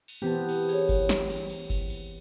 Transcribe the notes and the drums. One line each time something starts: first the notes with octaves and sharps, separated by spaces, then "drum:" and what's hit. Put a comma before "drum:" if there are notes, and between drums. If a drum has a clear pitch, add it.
drum: cymbal
E3 B3 C4 G4 A5
drum: cymbal
G#4 C#5, drum: cymbal
drum: kick G1, cymbal
drum: snare
drum: cymbal
drum: cymbal
drum: kick G1, cymbal
drum: cymbal